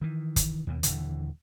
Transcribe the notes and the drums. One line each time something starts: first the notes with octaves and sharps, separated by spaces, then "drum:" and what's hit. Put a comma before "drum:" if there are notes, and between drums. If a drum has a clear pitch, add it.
D#3 E3
drum: kick, hi-hat
D#2 B2
D#1 D#2 D3 E3, drum: hi-hat